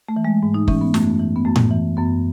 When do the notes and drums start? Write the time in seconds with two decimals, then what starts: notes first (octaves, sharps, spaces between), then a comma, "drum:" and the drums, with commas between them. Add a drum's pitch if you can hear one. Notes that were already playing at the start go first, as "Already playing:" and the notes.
0.09 A3
0.16 E3
0.25 G#3
0.43 G#2
0.54 D#4
0.68 E3 C#4, drum: kick
0.81 B3
0.94 F#2 A3, drum: snare
1.19 E3
1.36 B3
1.45 F#2 A3
1.56 drum: tom A2
1.71 E3
1.97 F#2 B3